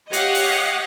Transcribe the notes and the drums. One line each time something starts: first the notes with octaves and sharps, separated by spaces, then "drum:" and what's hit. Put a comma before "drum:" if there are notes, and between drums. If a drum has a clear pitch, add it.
G4 C#5 D#5 F5 F#5, drum: hi-hat
drum: open hi-hat